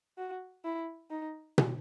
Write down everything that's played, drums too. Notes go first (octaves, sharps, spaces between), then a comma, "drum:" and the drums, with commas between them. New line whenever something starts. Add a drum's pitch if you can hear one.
F#4
E4
D#4
drum: tom